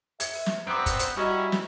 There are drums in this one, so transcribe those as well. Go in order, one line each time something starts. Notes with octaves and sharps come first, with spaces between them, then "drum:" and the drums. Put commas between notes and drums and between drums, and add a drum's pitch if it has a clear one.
E5 G#6 C#7, drum: hi-hat
drum: open hi-hat
drum: snare
G2 B3 C4 A#5 D6 D7
drum: kick, hi-hat
drum: hi-hat
G3 C#4 E4 F#4 D#5 A#5
drum: snare